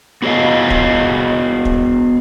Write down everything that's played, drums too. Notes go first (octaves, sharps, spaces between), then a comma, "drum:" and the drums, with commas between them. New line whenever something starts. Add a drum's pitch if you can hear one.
B3 F#4 G#4 C#5 D#5 F5
drum: kick
drum: kick